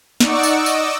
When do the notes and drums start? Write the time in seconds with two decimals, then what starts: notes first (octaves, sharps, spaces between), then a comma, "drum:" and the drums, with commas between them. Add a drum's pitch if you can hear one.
0.20 D#4 D5 F#5 C#6 D6 E6, drum: snare
0.43 drum: tambourine
0.53 D#5 D6 E6
0.66 drum: tambourine